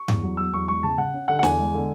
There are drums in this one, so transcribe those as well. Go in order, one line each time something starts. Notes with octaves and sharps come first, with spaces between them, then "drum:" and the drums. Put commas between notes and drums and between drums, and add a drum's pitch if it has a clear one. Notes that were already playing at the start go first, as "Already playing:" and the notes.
Already playing: C#6
E2, drum: tom G2
F#3
F#3 E6
E2 C#6
G#3 C#6
C#3 A5
C#3 F#5
C#4
D3 F#5
F#5
E2 G#5, drum: snare
G#3
D3